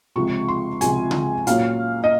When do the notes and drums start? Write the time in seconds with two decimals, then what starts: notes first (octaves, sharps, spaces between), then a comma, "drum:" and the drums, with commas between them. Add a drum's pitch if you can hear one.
0.16 C#2 C3 F3 G#3 C#6
0.48 C6
0.81 C#2 C3 F3 G#3 G#5, drum: hi-hat
1.11 drum: tom C#3
1.47 A#2 F#3 A#3 C#4 F5, drum: hi-hat
2.04 D#5